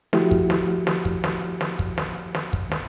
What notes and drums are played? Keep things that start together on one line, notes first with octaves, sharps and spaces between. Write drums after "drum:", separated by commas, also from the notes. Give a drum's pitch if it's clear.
F3 A3 E4 F#4 G4, drum: snare
drum: kick
drum: snare
drum: snare
drum: kick
drum: snare
drum: snare
drum: kick
drum: snare
drum: snare
drum: kick
drum: snare